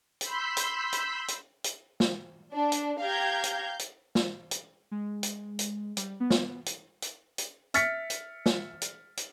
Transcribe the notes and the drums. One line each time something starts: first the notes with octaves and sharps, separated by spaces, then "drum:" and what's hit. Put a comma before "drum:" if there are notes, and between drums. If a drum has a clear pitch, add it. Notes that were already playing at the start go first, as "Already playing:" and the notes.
B5 C6 E6 G6 B6, drum: hi-hat
drum: hi-hat
drum: hi-hat
drum: hi-hat
drum: hi-hat
drum: snare
D4
drum: hi-hat
G4 F5 A#5 G6 G#6
drum: hi-hat
drum: hi-hat
drum: snare
drum: hi-hat
G#3
drum: hi-hat
drum: hi-hat
G3, drum: hi-hat
B3
drum: snare
drum: hi-hat
drum: hi-hat
drum: hi-hat
E5 F6 A6 B6 C#7, drum: hi-hat
drum: hi-hat
drum: snare
drum: hi-hat
drum: hi-hat